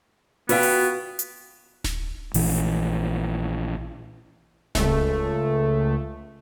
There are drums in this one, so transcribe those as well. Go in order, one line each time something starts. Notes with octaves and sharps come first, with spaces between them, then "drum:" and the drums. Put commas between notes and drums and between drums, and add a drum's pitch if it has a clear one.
B3 F4 F#4 B4 F5 G5, drum: open hi-hat
drum: open hi-hat
drum: hi-hat
drum: snare D1
A#1 E3, drum: open hi-hat
C#2 A3, drum: snare D1